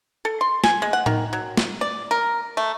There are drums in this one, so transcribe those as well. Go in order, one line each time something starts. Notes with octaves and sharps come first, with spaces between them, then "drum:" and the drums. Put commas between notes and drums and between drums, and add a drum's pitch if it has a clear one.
A4
C6
G#5, drum: snare
G#3
F#5
D#3, drum: tom A2
F#3
drum: snare
D5
A#4
A3